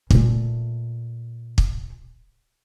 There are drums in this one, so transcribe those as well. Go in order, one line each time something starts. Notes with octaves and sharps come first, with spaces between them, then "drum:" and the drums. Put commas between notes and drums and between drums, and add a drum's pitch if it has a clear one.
A#2 A3, drum: kick
drum: kick